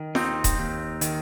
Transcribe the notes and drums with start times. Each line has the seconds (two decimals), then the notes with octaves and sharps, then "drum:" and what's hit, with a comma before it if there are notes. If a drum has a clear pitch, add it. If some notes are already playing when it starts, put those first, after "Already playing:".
Already playing: D#3
0.15 D#2 C4 D#4, drum: snare
0.44 drum: kick D#1, hi-hat
0.59 D#2
1.01 D#3, drum: hi-hat